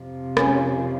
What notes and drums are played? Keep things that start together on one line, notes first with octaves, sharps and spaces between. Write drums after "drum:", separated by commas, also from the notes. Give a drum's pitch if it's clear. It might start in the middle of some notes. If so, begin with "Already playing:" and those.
Already playing: F2 C3 F3
C#4, drum: rim click